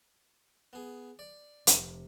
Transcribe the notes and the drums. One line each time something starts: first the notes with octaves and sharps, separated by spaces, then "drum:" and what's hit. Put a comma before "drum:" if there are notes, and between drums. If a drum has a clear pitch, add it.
B3 G#4
D5
F1 C3, drum: hi-hat